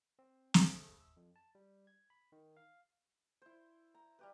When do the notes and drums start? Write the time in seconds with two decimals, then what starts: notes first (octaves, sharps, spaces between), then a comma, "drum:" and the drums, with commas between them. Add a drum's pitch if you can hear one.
0.19 C4
0.54 A4, drum: snare
1.00 E6
1.17 F2
1.36 A5
1.55 G3
1.87 G#6
2.10 B5
2.32 D#3
2.57 F5
3.42 E4 C5
3.95 A#5
4.19 G3 G4 B4